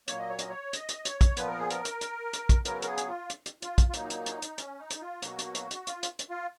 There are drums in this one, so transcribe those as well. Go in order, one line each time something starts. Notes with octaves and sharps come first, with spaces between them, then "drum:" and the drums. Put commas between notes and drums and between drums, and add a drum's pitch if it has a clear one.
A#2 F#3 A#3 C#5, drum: hi-hat
D#5
C#5
D#5, drum: hi-hat
C#5
D#5, drum: hi-hat
drum: hi-hat
C#5, drum: hi-hat
drum: kick, hi-hat
A#2 F3 B3 B4, drum: hi-hat
A#4
G#4
A#4, drum: hi-hat
drum: hi-hat
drum: hi-hat
drum: hi-hat
drum: kick, hi-hat
C#3 F#3 B3 A#4, drum: hi-hat
A#4, drum: hi-hat
G#4
drum: hi-hat
F4
drum: hi-hat
drum: hi-hat
F4, drum: hi-hat
drum: kick, hi-hat
F4
A#2 F#3 A#3 D#4, drum: hi-hat
drum: hi-hat
drum: hi-hat
drum: hi-hat
C#4, drum: hi-hat
D#4
drum: hi-hat
F4
B2 F#3 A#3 F#4, drum: hi-hat
drum: hi-hat
drum: hi-hat
drum: hi-hat
F4, drum: hi-hat
drum: hi-hat
drum: hi-hat
F4